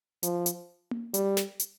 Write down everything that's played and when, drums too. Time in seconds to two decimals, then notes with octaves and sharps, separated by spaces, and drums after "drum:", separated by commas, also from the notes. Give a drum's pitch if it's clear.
0.23 F3, drum: hi-hat
0.46 drum: hi-hat
0.91 drum: tom A#3
1.14 G3, drum: hi-hat
1.37 drum: snare
1.60 drum: hi-hat